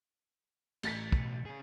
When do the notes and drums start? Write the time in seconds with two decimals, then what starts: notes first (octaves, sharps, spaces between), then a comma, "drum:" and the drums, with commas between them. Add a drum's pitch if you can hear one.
0.83 A1 A6 B6, drum: cymbal
1.12 B1, drum: kick
1.46 C#4 G#4